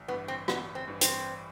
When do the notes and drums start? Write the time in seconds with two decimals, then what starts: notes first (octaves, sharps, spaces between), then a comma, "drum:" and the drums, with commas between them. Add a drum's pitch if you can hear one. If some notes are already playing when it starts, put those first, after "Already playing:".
Already playing: A1
0.08 G2 E3 B3
0.28 C4
0.48 A1 B3, drum: rim click
0.75 C4
0.88 G2 E3
1.01 C4, drum: hi-hat